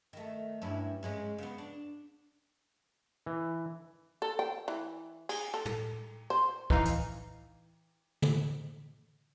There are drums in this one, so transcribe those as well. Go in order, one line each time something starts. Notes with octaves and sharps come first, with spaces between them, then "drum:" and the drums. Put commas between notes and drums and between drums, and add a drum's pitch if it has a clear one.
D#3 A3
G2 C#4 E4
G#2 G#3 C#4
C#3 B3
D4
E3
A4
G5
E3
G#4, drum: cymbal
A4
drum: tom
C5
E3 D#4 F5, drum: kick
drum: hi-hat
drum: tom